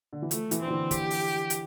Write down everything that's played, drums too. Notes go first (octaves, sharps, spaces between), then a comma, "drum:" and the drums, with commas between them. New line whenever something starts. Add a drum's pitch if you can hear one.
D3
E3
F3 A3, drum: hi-hat
E3, drum: hi-hat
D3 C4
E3
G4, drum: kick, hi-hat
drum: open hi-hat
drum: hi-hat